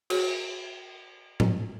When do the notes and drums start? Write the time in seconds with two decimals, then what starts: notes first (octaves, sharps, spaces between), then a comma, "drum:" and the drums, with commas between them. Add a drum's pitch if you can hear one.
0.10 F#4 G#4 C#5, drum: cymbal
1.40 drum: tom A2